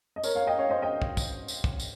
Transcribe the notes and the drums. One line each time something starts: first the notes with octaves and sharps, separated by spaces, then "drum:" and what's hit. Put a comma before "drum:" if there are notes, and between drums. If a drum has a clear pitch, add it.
D#5
A#4 C#5, drum: tambourine
C#5 F5
D#5 G5
C#5 F5
C5 D#5
D#5 G5
drum: kick
drum: kick, tambourine
drum: tambourine
drum: kick
drum: tambourine